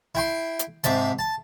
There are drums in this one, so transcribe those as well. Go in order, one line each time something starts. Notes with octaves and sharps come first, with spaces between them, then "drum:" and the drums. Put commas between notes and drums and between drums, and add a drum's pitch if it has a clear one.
E4 G5 C6
drum: hi-hat
G#2 C3 E5 A5, drum: hi-hat
A5